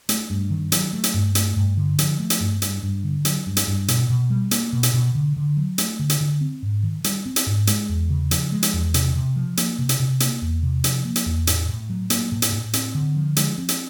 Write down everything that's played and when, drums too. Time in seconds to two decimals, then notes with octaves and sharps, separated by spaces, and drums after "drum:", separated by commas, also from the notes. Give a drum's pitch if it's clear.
0.09 A3, drum: hi-hat
0.30 G2
0.50 D#3
0.72 F#3, drum: hi-hat
0.93 A3
1.04 drum: hi-hat
1.14 G2
1.35 A3, drum: hi-hat
1.56 G2
1.77 D3
1.99 F3, drum: hi-hat
2.19 A3
2.30 drum: hi-hat
2.40 G2
2.62 G2, drum: hi-hat
2.83 G2
3.04 D3
3.25 F#3, drum: hi-hat
3.46 G2
3.57 drum: hi-hat
3.67 G2
3.88 B2, drum: hi-hat
4.10 B2
4.30 G3
4.51 A#3, drum: hi-hat
4.73 B2
4.83 drum: hi-hat
4.94 B2
5.15 D3
5.36 D3
5.57 F#3
5.78 A3, drum: hi-hat
5.99 D3
6.10 drum: hi-hat
6.20 D3
6.41 C4
6.62 G#2
6.83 D#3
7.04 G3, drum: hi-hat
7.26 C4
7.36 drum: hi-hat
7.47 G#2
7.67 G#3, drum: hi-hat
7.89 E2
8.10 C#3
8.31 F3, drum: hi-hat
8.52 G#3
8.63 drum: hi-hat
8.73 E2
8.94 C3, drum: hi-hat
9.16 C3
9.36 F3
9.57 A#3, drum: hi-hat
9.78 C3
9.89 drum: hi-hat
10.00 C3
10.20 A#3, drum: hi-hat
10.42 E2
10.63 C3
10.84 F3, drum: hi-hat
11.05 A#3
11.16 drum: hi-hat
11.26 E2
11.47 A2, drum: hi-hat
11.68 A2
11.90 F#3
12.10 A#3, drum: hi-hat
12.32 A2
12.42 drum: hi-hat
12.52 A2
12.73 C4, drum: hi-hat
12.95 D3
13.16 F3
13.36 G#3, drum: hi-hat
13.58 C4
13.69 drum: hi-hat